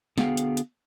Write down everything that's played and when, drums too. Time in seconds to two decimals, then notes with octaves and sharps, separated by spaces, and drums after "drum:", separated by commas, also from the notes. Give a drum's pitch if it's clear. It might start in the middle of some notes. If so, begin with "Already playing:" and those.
0.18 D3 B3 F#4 G#4 F5 G5, drum: snare
0.37 drum: hi-hat
0.57 drum: hi-hat